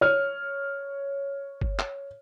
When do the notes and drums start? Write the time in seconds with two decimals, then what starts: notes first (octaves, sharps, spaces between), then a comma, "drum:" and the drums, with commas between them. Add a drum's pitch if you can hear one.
0.01 C#5 F6
1.61 drum: kick G1
1.79 drum: clap